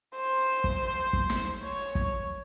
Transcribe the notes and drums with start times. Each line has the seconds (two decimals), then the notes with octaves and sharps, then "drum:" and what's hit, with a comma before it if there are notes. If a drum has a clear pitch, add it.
0.16 C5
0.64 drum: kick
1.13 drum: kick
1.30 drum: snare
1.62 C#5
1.95 drum: kick